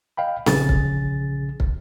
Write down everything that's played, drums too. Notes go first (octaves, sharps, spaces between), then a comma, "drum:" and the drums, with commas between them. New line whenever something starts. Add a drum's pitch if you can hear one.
D#5 F5 G5 B5
A#1 C#3 G#4 A6, drum: snare C4
drum: kick
drum: kick